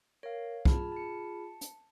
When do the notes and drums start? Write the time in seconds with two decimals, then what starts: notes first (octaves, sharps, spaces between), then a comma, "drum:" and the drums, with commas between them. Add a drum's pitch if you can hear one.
0.23 A#4 C#5 F5
0.65 F4 G#4 A5 B5 F6, drum: kick
0.92 A5 C#7
1.61 drum: hi-hat